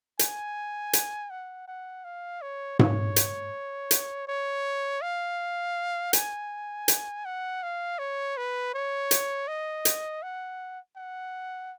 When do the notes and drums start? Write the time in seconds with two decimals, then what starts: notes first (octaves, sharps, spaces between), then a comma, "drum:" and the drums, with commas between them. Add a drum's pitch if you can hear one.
0.19 G#5, drum: hi-hat
0.93 drum: hi-hat
1.30 F#5
1.68 F#5
2.05 F5
2.42 C#5
2.79 C#5, drum: tom G#2
3.16 drum: hi-hat
3.91 drum: hi-hat
4.28 C#5
5.02 F5
6.13 G#5, drum: hi-hat
6.88 drum: hi-hat
7.25 F#5
7.63 F5
7.99 C#5
8.37 B4
8.74 C#5
9.11 drum: hi-hat
9.48 D#5
9.85 drum: hi-hat
10.23 F#5
10.96 F#5